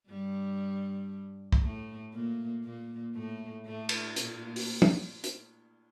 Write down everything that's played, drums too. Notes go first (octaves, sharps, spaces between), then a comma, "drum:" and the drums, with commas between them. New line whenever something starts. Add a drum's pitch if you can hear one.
G2 G3
drum: kick
A2 A3
A#2 A#3
A#2 A#3
A2 A3
A2 A3
drum: cymbal
A#2 A#3, drum: hi-hat
drum: open hi-hat
drum: tom
drum: hi-hat